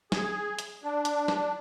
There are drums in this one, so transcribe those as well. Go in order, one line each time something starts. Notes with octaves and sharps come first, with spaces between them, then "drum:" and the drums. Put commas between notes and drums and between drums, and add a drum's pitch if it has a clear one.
G#4, drum: snare
drum: hi-hat
D4
drum: hi-hat
drum: snare